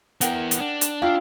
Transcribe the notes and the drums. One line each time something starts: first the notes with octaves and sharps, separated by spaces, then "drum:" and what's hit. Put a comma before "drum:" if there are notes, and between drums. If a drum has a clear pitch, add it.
B3 E4 A#4 F#5 G5, drum: hi-hat
drum: hi-hat
D4
drum: hi-hat
E4 F4 G4 F5 D6